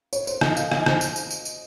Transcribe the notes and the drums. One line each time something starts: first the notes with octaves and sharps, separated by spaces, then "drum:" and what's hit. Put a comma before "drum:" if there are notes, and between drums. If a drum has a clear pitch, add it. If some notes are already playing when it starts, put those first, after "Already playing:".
C#5, drum: tambourine
C5, drum: tambourine
D#5, drum: rim click
F5, drum: tambourine
D#5, drum: rim click
C5, drum: rim click
drum: tambourine
drum: tambourine
drum: tambourine
drum: tambourine